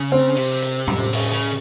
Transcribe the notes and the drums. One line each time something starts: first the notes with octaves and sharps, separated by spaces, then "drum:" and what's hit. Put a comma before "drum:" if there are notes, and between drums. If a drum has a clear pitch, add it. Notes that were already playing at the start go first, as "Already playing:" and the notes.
Already playing: C#3
C4
C3, drum: hi-hat
drum: hi-hat
drum: tom A2
C#3, drum: open hi-hat
C#3